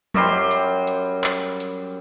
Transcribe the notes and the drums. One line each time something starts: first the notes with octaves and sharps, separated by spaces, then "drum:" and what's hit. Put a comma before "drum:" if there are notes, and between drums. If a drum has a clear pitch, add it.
F#2 G3 C6, drum: tom F3
drum: hi-hat
drum: hi-hat
drum: clap
drum: hi-hat